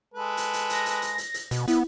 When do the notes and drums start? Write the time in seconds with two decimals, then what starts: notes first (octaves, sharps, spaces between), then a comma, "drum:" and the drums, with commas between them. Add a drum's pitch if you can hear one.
0.14 G#3 A4 B4
0.37 drum: hi-hat
0.54 drum: hi-hat
0.70 A#6, drum: hi-hat
0.86 drum: hi-hat
1.02 drum: hi-hat
1.18 drum: hi-hat
1.34 drum: hi-hat
1.51 B2, drum: hi-hat
1.68 B3 E4, drum: hi-hat